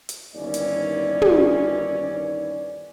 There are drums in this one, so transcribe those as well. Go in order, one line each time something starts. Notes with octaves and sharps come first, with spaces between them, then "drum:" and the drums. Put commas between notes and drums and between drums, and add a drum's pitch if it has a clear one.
drum: hi-hat
G1 D#2 D#3 E3 C#4 D5
drum: hi-hat
drum: tom